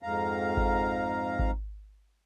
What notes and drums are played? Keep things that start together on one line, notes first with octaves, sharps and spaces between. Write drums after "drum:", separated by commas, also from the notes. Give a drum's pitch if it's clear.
F2 G#2 F5 A#5
drum: kick G#1
drum: kick G#1